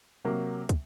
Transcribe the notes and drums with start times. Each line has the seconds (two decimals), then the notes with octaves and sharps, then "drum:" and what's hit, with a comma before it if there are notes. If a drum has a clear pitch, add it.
0.25 C3 F#3 A#3
0.69 drum: kick, hi-hat